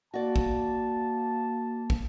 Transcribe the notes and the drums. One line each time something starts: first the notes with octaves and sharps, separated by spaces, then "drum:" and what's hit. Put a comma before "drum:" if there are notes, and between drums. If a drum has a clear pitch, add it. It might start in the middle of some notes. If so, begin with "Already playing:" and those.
A#3 F#4 D5 A5
drum: kick
drum: kick